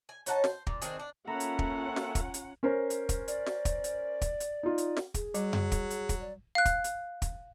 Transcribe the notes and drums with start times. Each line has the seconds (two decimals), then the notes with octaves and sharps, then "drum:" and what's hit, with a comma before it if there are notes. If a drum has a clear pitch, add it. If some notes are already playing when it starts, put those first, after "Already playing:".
0.09 G#5
0.26 C#4 D#4 F#5 A5, drum: hi-hat
0.44 C5, drum: snare
0.67 A#2, drum: kick
0.82 D#3 C4 D4 G#4, drum: hi-hat
1.00 D4
1.27 A#3 C#4 F4 A4 E5 F#5 A#5 B5
1.40 drum: hi-hat
1.59 drum: kick
1.96 drum: snare
2.15 drum: kick, hi-hat
2.34 drum: hi-hat
2.63 C#4 A#4 C5
2.90 drum: hi-hat
3.09 drum: kick, hi-hat
3.28 D5, drum: hi-hat
3.46 drum: snare
3.65 drum: kick, hi-hat
3.84 drum: hi-hat
4.21 drum: kick, hi-hat
4.40 drum: hi-hat
4.63 D#4 F4
4.78 drum: hi-hat
4.97 drum: snare
5.14 G#4, drum: kick, hi-hat
5.34 F#3 G3, drum: hi-hat
5.53 drum: tom F#2
5.72 drum: kick, hi-hat
5.90 drum: hi-hat
6.09 drum: kick, hi-hat
6.21 D5
6.55 F5 F#6
6.65 drum: kick, hi-hat
6.84 drum: hi-hat
7.22 drum: kick, hi-hat